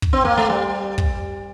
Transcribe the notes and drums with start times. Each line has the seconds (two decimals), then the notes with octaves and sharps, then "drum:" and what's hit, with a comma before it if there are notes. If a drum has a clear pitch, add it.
0.02 drum: kick
0.13 C4
0.25 A#3
0.37 A3
0.50 G3
0.98 drum: kick